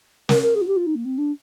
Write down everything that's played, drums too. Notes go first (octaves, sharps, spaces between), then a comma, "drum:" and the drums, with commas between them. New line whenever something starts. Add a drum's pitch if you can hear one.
A#4, drum: snare
A#4
G#4
F4
G4
F4
D#4
A#3
C4
D4